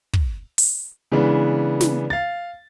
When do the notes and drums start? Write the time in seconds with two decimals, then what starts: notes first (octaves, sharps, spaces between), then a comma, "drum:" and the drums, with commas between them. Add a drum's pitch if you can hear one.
0.13 drum: kick
0.58 drum: open hi-hat
1.12 C#3 E3 G#3 B3 D4
1.81 drum: snare
2.10 F5 A6